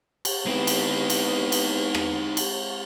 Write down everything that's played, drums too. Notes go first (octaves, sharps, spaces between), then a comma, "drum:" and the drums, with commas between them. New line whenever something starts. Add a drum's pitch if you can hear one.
drum: cymbal
G#3 B3 C4 D#4 E4 G4
drum: cymbal
drum: cymbal
drum: cymbal
drum: rim click
drum: cymbal